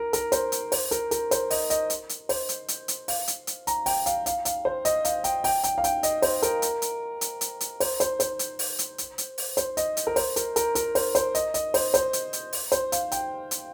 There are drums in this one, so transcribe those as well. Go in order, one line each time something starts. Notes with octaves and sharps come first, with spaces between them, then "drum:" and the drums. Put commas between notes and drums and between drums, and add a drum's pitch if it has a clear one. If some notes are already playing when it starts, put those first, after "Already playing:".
Already playing: A#4
A#4, drum: hi-hat
C5, drum: hi-hat
drum: hi-hat
C5, drum: open hi-hat
A#4, drum: hi-hat
A#4, drum: hi-hat
C5, drum: hi-hat
D#5, drum: open hi-hat
D#5, drum: hi-hat
drum: hi-hat
drum: hi-hat
C5, drum: open hi-hat
drum: hi-hat
drum: hi-hat
drum: hi-hat
F5, drum: open hi-hat
drum: hi-hat
drum: hi-hat
A#5, drum: hi-hat
G5, drum: open hi-hat
F5, drum: hi-hat
F5, drum: hi-hat
F5, drum: hi-hat
C5
D#5, drum: hi-hat
F5, drum: hi-hat
G5, drum: hi-hat
G5, drum: open hi-hat
G5, drum: hi-hat
F5
G5, drum: hi-hat
D#5, drum: hi-hat
C5, drum: open hi-hat
A#4, drum: hi-hat
drum: hi-hat
drum: hi-hat
drum: hi-hat
drum: hi-hat
drum: hi-hat
C5, drum: open hi-hat
C5, drum: hi-hat
C5, drum: hi-hat
drum: hi-hat
drum: open hi-hat
drum: hi-hat
drum: hi-hat
drum: hi-hat
drum: open hi-hat
C5, drum: hi-hat
D#5, drum: hi-hat
drum: hi-hat
A#4
C5, drum: open hi-hat
A#4, drum: hi-hat
A#4, drum: hi-hat
A#4, drum: hi-hat
C5, drum: open hi-hat
C5, drum: hi-hat
D#5, drum: hi-hat
D#5, drum: hi-hat
C5, drum: open hi-hat
C5, drum: hi-hat
drum: hi-hat
drum: hi-hat
drum: open hi-hat
C5, drum: hi-hat
F5, drum: hi-hat
G5, drum: hi-hat
drum: hi-hat